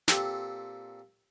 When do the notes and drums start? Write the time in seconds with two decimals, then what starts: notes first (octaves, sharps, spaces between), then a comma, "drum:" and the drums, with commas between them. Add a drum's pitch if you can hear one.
0.08 A#2 C4 G4 A4, drum: snare